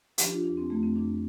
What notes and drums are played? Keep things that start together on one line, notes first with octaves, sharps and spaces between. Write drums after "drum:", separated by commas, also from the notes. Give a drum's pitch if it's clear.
F3 G4, drum: hi-hat
D4
F4
F2 D4
C4
F2 A3
C4
F2 D4